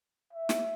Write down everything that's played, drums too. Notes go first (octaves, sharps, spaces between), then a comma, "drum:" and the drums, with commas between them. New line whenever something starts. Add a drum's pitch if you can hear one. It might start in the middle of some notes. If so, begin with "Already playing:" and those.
E5
drum: snare